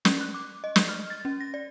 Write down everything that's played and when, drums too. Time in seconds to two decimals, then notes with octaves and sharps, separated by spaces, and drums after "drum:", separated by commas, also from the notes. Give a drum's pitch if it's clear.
0.05 C#4, drum: snare
0.21 F#6
0.34 D6
0.64 D#5
0.76 drum: snare
0.89 F6
1.10 A6
1.25 C#4
1.41 A#6
1.54 D5